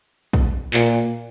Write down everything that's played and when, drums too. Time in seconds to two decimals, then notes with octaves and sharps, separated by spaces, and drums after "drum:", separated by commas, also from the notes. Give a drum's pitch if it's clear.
0.33 drum: kick
0.74 A#2, drum: clap